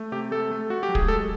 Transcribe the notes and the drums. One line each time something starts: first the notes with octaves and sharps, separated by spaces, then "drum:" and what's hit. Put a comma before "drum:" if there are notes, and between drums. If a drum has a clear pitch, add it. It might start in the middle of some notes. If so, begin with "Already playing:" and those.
Already playing: A3
C3 G4
A3 A4
A3
A3 F#4
G4
F#3
G#4, drum: kick
G#3 A4